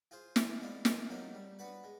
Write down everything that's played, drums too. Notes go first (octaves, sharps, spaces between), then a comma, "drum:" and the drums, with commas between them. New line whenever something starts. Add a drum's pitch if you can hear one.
F4 G#4 C5
E3, drum: snare
G#3 B3 D4 F4
D#3, drum: snare
F#3 A#3 D#4 G4
G3
B3 D4 F#4 B4
G#3